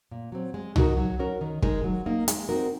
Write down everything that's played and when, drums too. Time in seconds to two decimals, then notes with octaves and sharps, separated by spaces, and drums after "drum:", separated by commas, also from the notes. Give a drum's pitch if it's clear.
0.11 A#2
0.32 F#3 C4
0.54 G#3
0.76 D#4 F#4 A#4, drum: tom
0.97 F#3
1.19 C#4 F#4 A#4
1.41 D#3
1.62 G#3 D#4 A#4, drum: kick
1.84 F#3
2.06 A#3 D#4 A#4
2.28 G#3, drum: hi-hat
2.49 C4 D#4 F#4 A#4